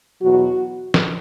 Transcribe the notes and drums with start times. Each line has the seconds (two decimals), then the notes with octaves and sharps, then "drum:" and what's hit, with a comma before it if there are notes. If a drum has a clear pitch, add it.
0.21 E2 B2 F#3 F#4
0.94 drum: snare